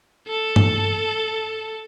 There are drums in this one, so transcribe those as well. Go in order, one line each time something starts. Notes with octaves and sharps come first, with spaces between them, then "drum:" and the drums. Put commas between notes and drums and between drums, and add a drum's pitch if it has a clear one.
A4 A5
drum: tom G2